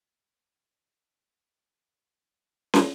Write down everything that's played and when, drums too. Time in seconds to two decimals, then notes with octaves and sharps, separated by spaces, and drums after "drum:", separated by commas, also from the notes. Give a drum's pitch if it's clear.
0.08 D#3 D4 D#4 A#4
2.74 drum: snare